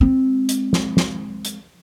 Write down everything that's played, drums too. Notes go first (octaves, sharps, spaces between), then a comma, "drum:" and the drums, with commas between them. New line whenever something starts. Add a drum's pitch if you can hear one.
G#3 C4
drum: hi-hat
drum: snare
drum: snare
drum: hi-hat